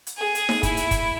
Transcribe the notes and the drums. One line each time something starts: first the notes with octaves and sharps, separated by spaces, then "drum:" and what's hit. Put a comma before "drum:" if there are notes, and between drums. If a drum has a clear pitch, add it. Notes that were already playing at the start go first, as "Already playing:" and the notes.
drum: hi-hat
G#4
drum: hi-hat
drum: snare D#4
E4, drum: kick, hi-hat
drum: hi-hat
drum: kick, hi-hat